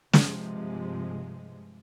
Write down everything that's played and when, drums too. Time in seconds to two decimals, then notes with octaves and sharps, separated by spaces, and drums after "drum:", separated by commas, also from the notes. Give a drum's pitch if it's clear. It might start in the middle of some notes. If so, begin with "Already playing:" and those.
0.13 G2 C3 F3 G#3, drum: snare